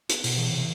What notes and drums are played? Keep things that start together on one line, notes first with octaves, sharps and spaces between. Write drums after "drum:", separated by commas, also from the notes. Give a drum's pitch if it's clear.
B3, drum: hi-hat
B2, drum: open hi-hat
E3
C3